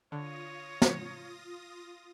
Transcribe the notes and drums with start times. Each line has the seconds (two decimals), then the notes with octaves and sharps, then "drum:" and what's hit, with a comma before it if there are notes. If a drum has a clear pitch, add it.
0.12 D3 F4 C#5 D#6 A#6
0.82 drum: snare